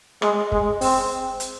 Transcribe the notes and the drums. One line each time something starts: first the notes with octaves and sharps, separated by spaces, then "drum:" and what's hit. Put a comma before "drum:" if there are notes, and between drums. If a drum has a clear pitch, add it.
G#3, drum: rim click
G#3, drum: kick
C4, drum: open hi-hat
drum: hi-hat